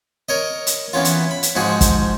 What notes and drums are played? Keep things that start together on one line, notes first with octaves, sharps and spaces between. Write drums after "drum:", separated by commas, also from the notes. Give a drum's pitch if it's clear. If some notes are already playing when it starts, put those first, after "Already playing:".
A#4 C#5 D#5
drum: hi-hat
E3 B3 C#4 F4
drum: hi-hat
B5
drum: hi-hat
G#2 F3 F#4 G#4
drum: kick, hi-hat